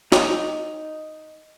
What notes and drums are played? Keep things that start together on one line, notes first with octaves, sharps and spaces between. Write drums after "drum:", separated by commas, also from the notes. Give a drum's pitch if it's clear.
D#4, drum: snare